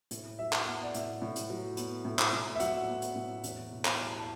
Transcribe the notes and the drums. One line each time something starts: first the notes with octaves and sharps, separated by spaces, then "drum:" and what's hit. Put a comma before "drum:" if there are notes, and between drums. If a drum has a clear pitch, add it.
A2, drum: hi-hat
F#3 E5
drum: clap
B3 F#5
D5
A2 E5, drum: hi-hat
A2
drum: hi-hat
F#3
B3, drum: hi-hat
A2
drum: clap
A2
E5
F#3 F#5, drum: hi-hat
B3
drum: hi-hat
A2
E2, drum: hi-hat
B2
drum: clap
G3
A5